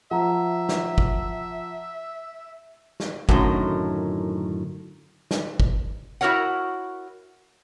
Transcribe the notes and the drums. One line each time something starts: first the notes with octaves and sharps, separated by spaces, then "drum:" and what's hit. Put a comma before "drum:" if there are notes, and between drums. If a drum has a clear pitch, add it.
F3 E5 F#5 A#5
drum: snare
drum: kick
drum: snare
F#2 A2 D3 D#3, drum: kick
drum: snare
drum: kick
E4 F#4 A4 A#4 C#5 F#5